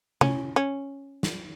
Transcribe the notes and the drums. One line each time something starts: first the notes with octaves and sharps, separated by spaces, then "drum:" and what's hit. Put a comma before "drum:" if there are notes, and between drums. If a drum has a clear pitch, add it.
C#4, drum: tom C3
C#4
drum: snare